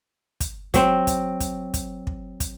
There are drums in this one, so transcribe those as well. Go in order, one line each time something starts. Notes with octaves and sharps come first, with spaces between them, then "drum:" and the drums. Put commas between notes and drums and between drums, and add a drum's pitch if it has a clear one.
drum: kick, hi-hat
F#3 C4, drum: kick, hi-hat
drum: kick, hi-hat
drum: kick, hi-hat
drum: kick, hi-hat
drum: kick
drum: kick, hi-hat